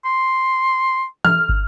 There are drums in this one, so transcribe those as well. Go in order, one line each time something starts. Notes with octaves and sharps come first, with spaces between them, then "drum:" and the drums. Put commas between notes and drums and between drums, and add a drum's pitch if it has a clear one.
C6
F6, drum: tom E3
drum: kick